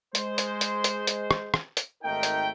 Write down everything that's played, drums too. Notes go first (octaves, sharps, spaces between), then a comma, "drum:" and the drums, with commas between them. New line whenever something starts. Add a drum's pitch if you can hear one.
G#3 C5, drum: hi-hat
drum: hi-hat
drum: hi-hat
drum: hi-hat
drum: hi-hat
drum: rim click
drum: rim click
drum: hi-hat
G#1 A3 D#4 A#4 G5
drum: hi-hat